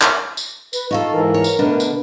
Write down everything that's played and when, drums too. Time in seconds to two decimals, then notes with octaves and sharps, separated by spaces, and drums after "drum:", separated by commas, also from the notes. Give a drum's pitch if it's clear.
0.01 drum: clap
0.37 drum: tambourine
0.73 B4, drum: tambourine
0.91 D#4 F4 A4 C#6
1.12 G#2 E3 A#4
1.34 C#5
1.44 drum: tambourine
1.59 B2 D3 A3 D4 B4
1.80 drum: tambourine